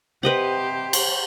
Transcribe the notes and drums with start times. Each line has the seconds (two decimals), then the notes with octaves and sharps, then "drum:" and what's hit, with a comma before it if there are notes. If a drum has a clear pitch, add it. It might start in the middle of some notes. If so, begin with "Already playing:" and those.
0.23 C3 G4 B4 C5 D#5 F#5
0.93 drum: cymbal